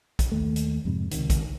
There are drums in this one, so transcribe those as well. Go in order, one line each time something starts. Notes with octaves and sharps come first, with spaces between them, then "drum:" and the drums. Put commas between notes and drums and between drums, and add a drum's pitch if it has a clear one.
drum: kick, hi-hat
D#2 A3
drum: hi-hat
F2 G#2 C3
C#2 C3 D#3, drum: hi-hat
drum: kick, hi-hat